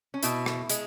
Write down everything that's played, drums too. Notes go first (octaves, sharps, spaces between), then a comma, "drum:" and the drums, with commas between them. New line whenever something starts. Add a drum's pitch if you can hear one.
C#4
B2 E4, drum: hi-hat
drum: rim click
G#3, drum: hi-hat